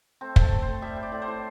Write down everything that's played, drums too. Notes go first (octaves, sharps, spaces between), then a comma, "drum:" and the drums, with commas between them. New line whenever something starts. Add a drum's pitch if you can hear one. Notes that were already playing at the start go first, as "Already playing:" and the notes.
A3 C4
A3, drum: kick
A4
A3
A3 C5
G3 E5
G3
D5
A2
C5
A2